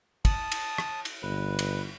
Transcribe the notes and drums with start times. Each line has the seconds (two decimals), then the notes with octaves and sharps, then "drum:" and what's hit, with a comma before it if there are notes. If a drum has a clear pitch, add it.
0.25 A5 D#6, drum: kick, cymbal
0.52 drum: cymbal
0.78 drum: rim click
1.05 drum: cymbal
1.23 G1 B4
1.59 drum: cymbal